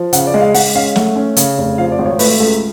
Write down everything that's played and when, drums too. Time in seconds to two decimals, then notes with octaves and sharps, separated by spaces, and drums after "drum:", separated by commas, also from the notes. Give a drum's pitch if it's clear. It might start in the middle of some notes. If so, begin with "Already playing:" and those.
Already playing: F3
0.13 C#3 F#5, drum: hi-hat
0.27 D5
0.34 G#3
0.41 F5
0.54 G#3 F#5, drum: open hi-hat
0.75 C#4 F5
0.96 A3 F#5, drum: snare
1.16 C#4
1.36 C#3, drum: hi-hat
1.58 F1
1.78 F3 F5
1.92 D5
1.99 G#1
2.06 C#5
2.19 A3 B4, drum: open hi-hat
2.40 C#2 A4